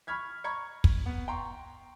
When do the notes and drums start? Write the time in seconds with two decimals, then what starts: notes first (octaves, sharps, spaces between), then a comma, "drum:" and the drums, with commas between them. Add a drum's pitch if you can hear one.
0.07 B5 C#6 F6 G#6 B6
0.44 A#5 B5 C#6 G#6 C#7
0.84 drum: kick
1.06 B3
1.28 G5 A#5 C6 C#6